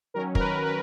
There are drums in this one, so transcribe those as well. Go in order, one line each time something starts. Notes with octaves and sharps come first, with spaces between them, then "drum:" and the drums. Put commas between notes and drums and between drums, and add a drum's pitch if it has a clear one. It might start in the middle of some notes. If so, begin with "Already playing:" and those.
D#3 F#3 C#4 A#4
A#4, drum: kick
B4
B4